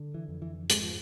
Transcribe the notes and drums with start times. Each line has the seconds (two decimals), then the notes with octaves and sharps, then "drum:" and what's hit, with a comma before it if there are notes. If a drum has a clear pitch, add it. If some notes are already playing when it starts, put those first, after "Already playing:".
Already playing: D3
0.14 E3
0.28 F2
0.42 E3
0.70 G#2 G#3, drum: hi-hat
0.83 F3